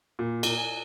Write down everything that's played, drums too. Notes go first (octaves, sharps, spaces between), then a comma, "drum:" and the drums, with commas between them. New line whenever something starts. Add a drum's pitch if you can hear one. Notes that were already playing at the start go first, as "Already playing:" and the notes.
A#2
A#2, drum: cymbal
G#5